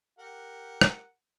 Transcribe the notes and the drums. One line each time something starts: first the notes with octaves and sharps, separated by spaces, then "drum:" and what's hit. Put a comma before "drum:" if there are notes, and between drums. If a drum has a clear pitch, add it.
G4 A#4 F#5
drum: rim click